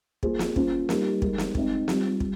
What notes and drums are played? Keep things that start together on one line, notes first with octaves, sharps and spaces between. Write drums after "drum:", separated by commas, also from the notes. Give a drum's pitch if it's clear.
A#3 F4 G#4 C5, drum: kick
drum: snare
A#3 C#4 F4 C5, drum: kick
G3 A#3 D#4 G4 A#4, drum: snare
G#3 D#4 A#4, drum: kick
drum: snare
G#3 C4 D#4, drum: kick
G3 C4 F4, drum: snare
G3, drum: kick